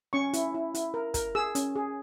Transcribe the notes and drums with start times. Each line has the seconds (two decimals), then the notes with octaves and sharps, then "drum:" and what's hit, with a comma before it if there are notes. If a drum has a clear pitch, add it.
0.13 C#4 C#6
0.33 E4, drum: hi-hat
0.54 E4
0.75 E4, drum: hi-hat
0.94 A#4
1.14 A#4, drum: kick, hi-hat
1.35 G#4 E6
1.55 C#4, drum: hi-hat
1.75 G#4